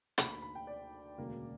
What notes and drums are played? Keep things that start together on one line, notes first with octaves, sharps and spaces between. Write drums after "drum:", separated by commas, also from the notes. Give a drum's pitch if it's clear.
D2 D3 A#3 B5, drum: hi-hat
B5
B5
G5
D5
E1 D2 C#3 F#3 A#3